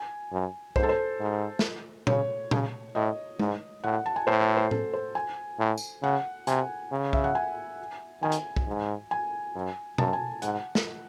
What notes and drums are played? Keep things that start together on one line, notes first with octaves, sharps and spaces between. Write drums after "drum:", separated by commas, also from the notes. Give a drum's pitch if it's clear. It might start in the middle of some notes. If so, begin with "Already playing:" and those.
Already playing: G#5
F#2
G#2 C5, drum: kick
A4
C5
G#2
drum: snare
C#3 C#5, drum: tom A#2
C#3, drum: tom A#2
A2 D#5
G#2, drum: tom G#3
A2 F#5
A5
G#5
A2 C5
A4
C5
A4, drum: tom A2
C5
G#5
A2
drum: tambourine
C#3 F#5
C3 G#5, drum: hi-hat
C#3
E5, drum: kick
F#5
G#5
D#3 G#5
drum: hi-hat
drum: kick
G#2
G#5
F#2
F#2 A5, drum: tom
G#5
G#2 F#5, drum: hi-hat
drum: snare